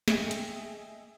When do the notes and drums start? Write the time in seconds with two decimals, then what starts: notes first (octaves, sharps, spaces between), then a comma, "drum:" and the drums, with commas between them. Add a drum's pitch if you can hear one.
0.08 G#4 D#5 E5 G5 G#5, drum: snare
0.31 drum: hi-hat